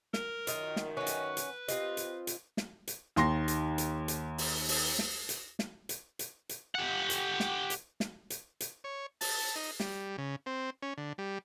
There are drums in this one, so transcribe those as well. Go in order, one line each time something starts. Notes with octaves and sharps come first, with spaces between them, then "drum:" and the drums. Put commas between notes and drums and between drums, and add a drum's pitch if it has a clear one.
A#4, drum: snare
F#2 D#3 D#4 F4, drum: hi-hat
drum: snare
C#4 F#4 B4
drum: hi-hat
drum: hi-hat
C4 F4 G4 D#5, drum: hi-hat
drum: hi-hat
drum: hi-hat
drum: snare
drum: hi-hat
D#2 C6 A#6, drum: snare
drum: hi-hat
drum: hi-hat
drum: hi-hat
drum: open hi-hat
drum: open hi-hat
drum: snare
drum: hi-hat
drum: snare
drum: hi-hat
drum: hi-hat
drum: hi-hat
G4 F#5
drum: hi-hat
drum: snare
drum: hi-hat
drum: snare
drum: hi-hat
drum: hi-hat
C#5
A5, drum: open hi-hat
D#4
G3, drum: snare
C#3
C4
C#4
D3
G3